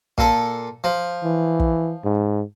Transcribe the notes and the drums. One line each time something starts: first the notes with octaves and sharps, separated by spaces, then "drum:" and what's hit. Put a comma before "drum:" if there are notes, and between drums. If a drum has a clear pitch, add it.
A#2 A4, drum: kick
F3
E3
drum: kick
G#2